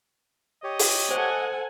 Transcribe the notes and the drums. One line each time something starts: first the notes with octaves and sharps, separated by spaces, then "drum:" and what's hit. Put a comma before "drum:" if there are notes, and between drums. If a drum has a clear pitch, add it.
G4 C#5 D#5
drum: open hi-hat
A4 C5 F#5 G#5